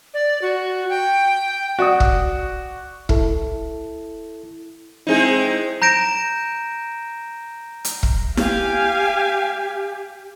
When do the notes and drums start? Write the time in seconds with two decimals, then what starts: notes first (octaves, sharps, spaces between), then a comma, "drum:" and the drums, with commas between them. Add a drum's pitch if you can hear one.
0.14 D5
0.42 F#4
0.90 G5
1.79 F#4 D5 D#6
2.00 drum: kick
3.09 E4 A4, drum: kick
5.07 G#3 C4 D#4 E4 G#4
5.82 A#5 G6 A#6 D7 E7
7.84 drum: hi-hat
8.03 drum: kick
8.37 G4 F5 G#5, drum: snare E4